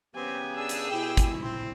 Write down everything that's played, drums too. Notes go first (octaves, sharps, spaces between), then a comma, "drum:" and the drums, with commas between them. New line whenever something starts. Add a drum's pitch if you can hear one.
C#3 B3 C4 G4 G#5
D4 G#4 E6
drum: hi-hat
B2 E4 G4 G5
drum: kick, hi-hat
C4 C5